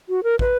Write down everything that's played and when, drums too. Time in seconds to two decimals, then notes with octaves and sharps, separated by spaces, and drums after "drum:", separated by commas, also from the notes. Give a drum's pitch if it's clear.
0.09 F#4
0.24 A#4
0.39 B4, drum: kick